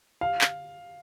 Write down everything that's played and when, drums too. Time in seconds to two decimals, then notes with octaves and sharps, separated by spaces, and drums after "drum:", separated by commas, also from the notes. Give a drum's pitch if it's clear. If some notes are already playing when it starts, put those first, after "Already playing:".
0.21 F5
0.41 drum: clap